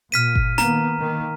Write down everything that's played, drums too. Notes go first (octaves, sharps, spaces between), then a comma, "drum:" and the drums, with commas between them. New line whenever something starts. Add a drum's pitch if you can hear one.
A#2 F6 B6 D#7
drum: kick G1
D#3 A#3 B3 A#5, drum: snare
D#3 A#3